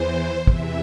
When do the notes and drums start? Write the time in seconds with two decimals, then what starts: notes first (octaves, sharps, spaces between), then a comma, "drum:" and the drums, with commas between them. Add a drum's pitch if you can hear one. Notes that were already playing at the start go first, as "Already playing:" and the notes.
Already playing: E2 E3 C5
0.47 E2 C3 E3 E5, drum: kick